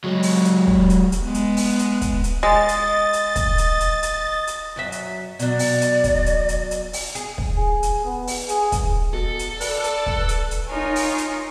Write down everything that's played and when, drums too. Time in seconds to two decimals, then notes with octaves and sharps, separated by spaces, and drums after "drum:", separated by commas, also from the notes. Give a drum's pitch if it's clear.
0.04 F#3 G#3
0.23 drum: open hi-hat
0.45 drum: hi-hat
0.67 drum: kick
0.90 drum: hi-hat
1.12 drum: hi-hat
1.23 G#3 B3
1.34 drum: hi-hat
1.57 drum: open hi-hat
1.79 drum: hi-hat
2.01 drum: kick, hi-hat
2.24 drum: hi-hat
2.43 G#3 D#5 A6
2.68 drum: hi-hat
3.13 drum: hi-hat
3.36 drum: kick, hi-hat
3.58 drum: hi-hat
3.80 drum: hi-hat
4.03 drum: hi-hat
4.47 drum: hi-hat
4.76 F#2 F#3 E5
4.92 drum: hi-hat
5.39 B2 F#3 D5, drum: hi-hat
5.59 drum: open hi-hat
5.81 drum: hi-hat
6.04 drum: kick, hi-hat
6.26 drum: hi-hat
6.49 drum: hi-hat
6.71 drum: hi-hat
6.93 drum: open hi-hat
7.15 G#4, drum: hi-hat
7.38 drum: kick
7.57 G#4
7.83 drum: hi-hat
8.05 B3
8.27 drum: open hi-hat
8.49 G#4, drum: hi-hat
8.72 drum: kick, hi-hat
9.14 B2 A4
9.39 drum: hi-hat
9.61 B4 D5 A5, drum: open hi-hat
9.84 drum: hi-hat
10.06 drum: kick
10.29 drum: hi-hat
10.51 drum: hi-hat
10.66 D#4 F4 A#4 C#5 G#5
10.96 drum: open hi-hat
11.18 drum: hi-hat